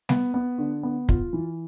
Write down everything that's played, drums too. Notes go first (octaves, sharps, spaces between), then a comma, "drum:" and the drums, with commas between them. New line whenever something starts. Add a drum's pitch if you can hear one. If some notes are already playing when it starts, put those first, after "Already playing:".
B3, drum: snare
B3
D3
B3
F4, drum: kick
E3